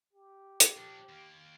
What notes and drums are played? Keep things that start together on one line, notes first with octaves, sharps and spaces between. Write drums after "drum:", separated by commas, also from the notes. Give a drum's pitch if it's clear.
G4
drum: hi-hat
F3 D4
D#2 A#3